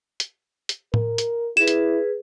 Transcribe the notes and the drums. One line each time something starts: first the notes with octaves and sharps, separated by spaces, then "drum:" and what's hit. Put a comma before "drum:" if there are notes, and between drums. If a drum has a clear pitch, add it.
drum: hi-hat
drum: hi-hat
A#4, drum: tom A2
drum: hi-hat
E4 G#4 B4 E7
drum: hi-hat